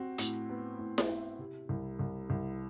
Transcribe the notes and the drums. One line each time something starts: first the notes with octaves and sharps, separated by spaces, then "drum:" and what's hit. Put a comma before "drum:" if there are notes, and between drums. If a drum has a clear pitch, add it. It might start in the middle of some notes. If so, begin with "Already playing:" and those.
Already playing: C4 F#4
A2, drum: hi-hat
B3
A2
drum: snare E4
E4
C3
C2
C2
C2